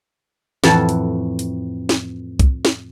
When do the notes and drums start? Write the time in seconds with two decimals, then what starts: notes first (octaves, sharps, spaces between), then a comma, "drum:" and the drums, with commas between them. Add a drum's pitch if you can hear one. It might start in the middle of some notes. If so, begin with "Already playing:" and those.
0.64 F2 A2 E3 F#5 A5, drum: snare
0.89 drum: hi-hat
1.39 drum: hi-hat
1.89 drum: snare
2.40 drum: kick C2, hi-hat
2.65 drum: snare